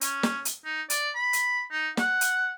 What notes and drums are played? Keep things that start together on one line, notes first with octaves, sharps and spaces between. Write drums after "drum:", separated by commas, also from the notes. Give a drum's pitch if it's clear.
C#4, drum: hi-hat
drum: snare
drum: hi-hat
D#4
D5, drum: hi-hat
B5
drum: hi-hat
D#4
F#5, drum: snare
drum: hi-hat